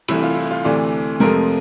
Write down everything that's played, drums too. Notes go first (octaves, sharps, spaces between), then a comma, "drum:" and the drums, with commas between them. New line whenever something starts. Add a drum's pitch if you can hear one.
C2 C3 E3 A3 E4, drum: cymbal
F4
E4
F4
D2 C3 E3 A3 D5
F2 C3 F3 A3 A#4, drum: tom G#3